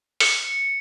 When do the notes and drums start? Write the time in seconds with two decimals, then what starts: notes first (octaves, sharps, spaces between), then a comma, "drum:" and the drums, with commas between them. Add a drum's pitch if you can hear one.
0.20 C#7, drum: open hi-hat